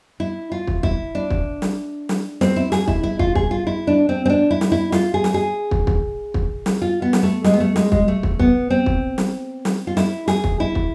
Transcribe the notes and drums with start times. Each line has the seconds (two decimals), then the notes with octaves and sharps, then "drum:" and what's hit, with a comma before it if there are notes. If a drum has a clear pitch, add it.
0.20 E4
0.52 F4
0.67 drum: kick
0.83 E4, drum: kick
1.15 D4
1.30 drum: kick
1.62 drum: snare
2.09 drum: snare
2.41 C4, drum: snare
2.56 E4
2.72 G#4, drum: snare
2.88 E4, drum: kick
3.03 E4
3.19 F4, drum: kick
3.35 G#4, drum: kick
3.51 F4
3.67 E4
3.87 D4
4.09 C4
4.26 C4
4.30 D4
4.51 E4
4.61 drum: snare
4.72 E4
4.92 F4, drum: snare
5.14 G#4
5.24 drum: snare
5.34 G#4
5.71 drum: kick
5.87 drum: kick
6.34 drum: kick
6.66 drum: snare
6.82 F4
7.02 B3
7.13 drum: snare
7.23 A3
7.44 G#3, drum: snare
7.54 B3
7.60 A3
7.76 G#3, drum: snare
7.92 G#3, drum: kick
8.08 A3
8.23 drum: kick
8.39 B3, drum: kick
8.70 C4
8.86 drum: kick
9.18 drum: snare
9.65 drum: snare
9.87 F4
9.97 E4, drum: snare
10.28 G#4, drum: snare
10.44 drum: kick
10.60 E4
10.75 drum: kick